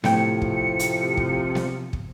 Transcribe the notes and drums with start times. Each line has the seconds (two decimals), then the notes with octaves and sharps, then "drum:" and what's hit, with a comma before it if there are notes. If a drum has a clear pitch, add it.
0.04 A2 C3 F3 G5 C#7, drum: snare B3
0.42 drum: kick
0.79 drum: hi-hat
1.17 drum: kick
1.55 drum: snare B3
1.93 drum: kick